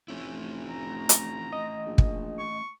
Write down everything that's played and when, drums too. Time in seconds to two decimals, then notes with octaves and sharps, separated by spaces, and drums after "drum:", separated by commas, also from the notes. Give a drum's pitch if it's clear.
0.08 F1 A3 C#4 E4
0.69 A#5
1.09 drum: hi-hat
1.53 D#5
1.86 A#1
1.98 drum: kick
2.39 C#6